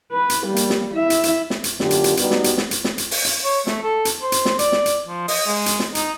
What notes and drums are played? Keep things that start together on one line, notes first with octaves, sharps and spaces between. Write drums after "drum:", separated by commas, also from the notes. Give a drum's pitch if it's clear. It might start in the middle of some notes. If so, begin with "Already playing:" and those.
B4
drum: hi-hat
G3 A#3
drum: hi-hat
drum: snare
E4 E5
drum: hi-hat
drum: hi-hat
drum: snare
drum: hi-hat
F#2 D3 A#3 F4 G4, drum: snare
drum: hi-hat
drum: hi-hat
G3 B3 D#4 F#4 G4, drum: hi-hat
drum: snare
drum: hi-hat
drum: snare
drum: hi-hat
drum: snare
drum: hi-hat
drum: open hi-hat
drum: hi-hat
C#5
A3, drum: snare
A4
drum: hi-hat
C5
drum: hi-hat
drum: snare
D5, drum: hi-hat
drum: snare
drum: hi-hat
F3
D#5, drum: open hi-hat
G#3
drum: hi-hat
drum: snare
D#4, drum: hi-hat